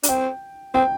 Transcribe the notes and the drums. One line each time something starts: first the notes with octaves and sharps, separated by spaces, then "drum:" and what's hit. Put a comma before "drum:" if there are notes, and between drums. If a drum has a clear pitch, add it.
D4, drum: hi-hat
C4 G5
C4 G5